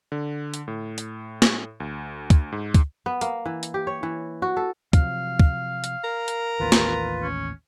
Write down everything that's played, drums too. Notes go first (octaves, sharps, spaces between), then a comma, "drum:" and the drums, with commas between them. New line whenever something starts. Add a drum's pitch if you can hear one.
D3
drum: hi-hat
A2
drum: hi-hat
drum: snare
D2
drum: kick, hi-hat
G#2
drum: kick, hi-hat
B3
A#3, drum: hi-hat
E3
drum: hi-hat
G4
C#5
E3
F#4
A4
C3 F3 F#3 F5, drum: kick, hi-hat
drum: kick
drum: hi-hat
A#4
drum: hi-hat
A1 D#2 B3 F4 B4
drum: snare
C#4